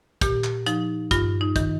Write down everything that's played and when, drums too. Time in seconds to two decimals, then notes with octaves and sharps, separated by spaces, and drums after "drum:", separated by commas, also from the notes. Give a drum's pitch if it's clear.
0.21 A#2 G4, drum: kick, hi-hat
0.44 drum: clap
0.66 F3 D#4, drum: hi-hat
1.11 G2 F4, drum: kick, hi-hat
1.41 D#4
1.56 D#3, drum: kick, hi-hat